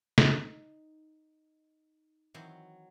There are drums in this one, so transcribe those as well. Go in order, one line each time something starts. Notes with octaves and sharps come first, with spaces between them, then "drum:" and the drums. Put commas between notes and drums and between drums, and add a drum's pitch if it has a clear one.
D#4, drum: snare
D#3 E3 F#3 C4